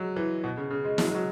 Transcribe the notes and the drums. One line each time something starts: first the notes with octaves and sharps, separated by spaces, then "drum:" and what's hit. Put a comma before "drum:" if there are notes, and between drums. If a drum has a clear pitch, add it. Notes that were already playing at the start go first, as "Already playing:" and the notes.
Already playing: F#3 G#3
E3
B2
C#3
C#3
G#3
F#3, drum: snare
G#3
F#3